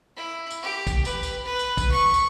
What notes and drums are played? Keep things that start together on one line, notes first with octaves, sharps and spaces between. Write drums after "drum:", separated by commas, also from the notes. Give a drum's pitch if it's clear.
E4
drum: tambourine
G4
drum: kick A1, tambourine
B4, drum: tambourine
drum: tambourine
B4
drum: tambourine
drum: kick A1, tambourine
C#6
drum: tambourine